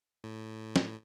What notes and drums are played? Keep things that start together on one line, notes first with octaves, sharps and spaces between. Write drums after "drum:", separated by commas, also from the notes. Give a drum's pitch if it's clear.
A2
drum: snare